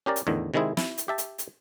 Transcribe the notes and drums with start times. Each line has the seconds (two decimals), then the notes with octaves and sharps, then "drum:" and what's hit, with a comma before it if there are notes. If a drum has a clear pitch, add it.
0.06 C#4 G4 A#4 D5
0.16 drum: hi-hat
0.27 E2 A2 D3 D#3
0.54 C3 D#3 G#3 C4 E4 G#4
0.77 E4, drum: snare
0.98 drum: hi-hat
1.08 G4 E5 A5
1.18 drum: hi-hat
1.38 drum: hi-hat